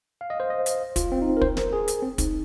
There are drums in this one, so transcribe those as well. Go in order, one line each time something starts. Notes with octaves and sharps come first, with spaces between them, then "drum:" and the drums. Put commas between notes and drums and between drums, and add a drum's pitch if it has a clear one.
F5
D#5
C5
D#5
drum: hi-hat
F4, drum: kick, hi-hat
C4
D#4
A#4
C5, drum: kick
A#4, drum: snare
G#4
drum: hi-hat
C4
D#4, drum: kick, hi-hat